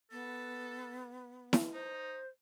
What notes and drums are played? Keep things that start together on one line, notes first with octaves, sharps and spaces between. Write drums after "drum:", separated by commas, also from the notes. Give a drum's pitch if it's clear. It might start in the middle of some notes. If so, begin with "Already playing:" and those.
B3 A4
drum: snare E4
D#4 C5